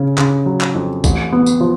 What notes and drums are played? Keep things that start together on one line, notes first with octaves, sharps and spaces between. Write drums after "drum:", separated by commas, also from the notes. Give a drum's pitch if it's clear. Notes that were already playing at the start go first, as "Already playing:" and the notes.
Already playing: C#3 C#4
C#3, drum: clap
F#3
drum: clap
F2
A1, drum: kick A#1, tambourine
B3
drum: tambourine
F3